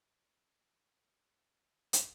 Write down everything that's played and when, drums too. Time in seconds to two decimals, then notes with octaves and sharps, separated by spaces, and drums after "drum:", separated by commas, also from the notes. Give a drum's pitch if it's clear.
1.02 G2
1.93 drum: hi-hat